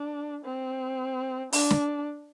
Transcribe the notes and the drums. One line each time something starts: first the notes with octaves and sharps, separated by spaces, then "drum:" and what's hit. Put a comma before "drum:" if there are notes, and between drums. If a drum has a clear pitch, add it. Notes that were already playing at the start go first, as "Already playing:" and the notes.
Already playing: D4
C4
D4, drum: open hi-hat
drum: snare